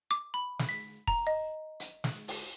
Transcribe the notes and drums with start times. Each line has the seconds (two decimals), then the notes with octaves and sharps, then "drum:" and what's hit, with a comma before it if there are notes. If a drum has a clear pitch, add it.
0.11 D6
0.34 B5
0.59 drum: snare
0.69 B6
1.08 A#5, drum: kick
1.27 D#5
1.80 drum: hi-hat
2.04 drum: snare
2.28 drum: open hi-hat